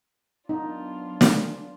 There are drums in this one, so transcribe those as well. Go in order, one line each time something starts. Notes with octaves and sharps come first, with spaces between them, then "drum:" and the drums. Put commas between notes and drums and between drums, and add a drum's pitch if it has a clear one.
F#3 B3 D4 D#4 F4
drum: snare